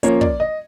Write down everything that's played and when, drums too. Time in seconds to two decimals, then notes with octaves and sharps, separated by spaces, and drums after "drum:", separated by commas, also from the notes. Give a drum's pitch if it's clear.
0.03 F3 A#3 C#4 C#5, drum: hi-hat
0.21 D5, drum: kick
0.40 D#5